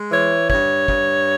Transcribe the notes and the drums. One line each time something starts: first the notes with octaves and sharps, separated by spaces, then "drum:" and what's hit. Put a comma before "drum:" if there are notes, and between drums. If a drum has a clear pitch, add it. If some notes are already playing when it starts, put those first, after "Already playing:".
Already playing: G#3
E3 C#5
G2 C#5, drum: kick
G2, drum: kick